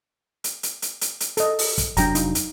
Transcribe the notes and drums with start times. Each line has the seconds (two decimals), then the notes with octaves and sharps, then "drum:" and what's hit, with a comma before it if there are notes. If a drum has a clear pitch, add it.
0.44 drum: hi-hat
0.63 drum: hi-hat
0.82 drum: hi-hat
1.01 drum: hi-hat
1.20 drum: hi-hat
1.37 A4 D#5, drum: hi-hat
1.59 drum: open hi-hat
1.78 drum: kick, hi-hat
1.97 F1 F#3 D4 G5 A#5, drum: hi-hat
2.15 D#4, drum: hi-hat
2.35 drum: hi-hat